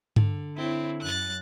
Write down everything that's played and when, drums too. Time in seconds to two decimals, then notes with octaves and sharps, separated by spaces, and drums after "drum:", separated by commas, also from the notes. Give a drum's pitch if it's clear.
0.16 D3, drum: tom G2
0.57 C4 E4 C#5
1.02 F#2 F#6 A6